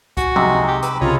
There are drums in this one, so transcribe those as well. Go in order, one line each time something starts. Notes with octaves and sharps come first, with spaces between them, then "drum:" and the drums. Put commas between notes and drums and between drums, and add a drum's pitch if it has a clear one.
F#4 G#5, drum: kick C2, hi-hat
C3 G#3 D#4 G#4, drum: tom F3
G4
B4 D6 E6, drum: hi-hat
C2 C#3 F4 C#5 D#5 A#5